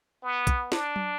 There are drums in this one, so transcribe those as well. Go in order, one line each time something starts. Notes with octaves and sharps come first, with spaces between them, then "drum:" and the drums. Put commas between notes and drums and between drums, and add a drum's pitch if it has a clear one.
B3
drum: kick, hi-hat
D4, drum: snare
drum: tom F#3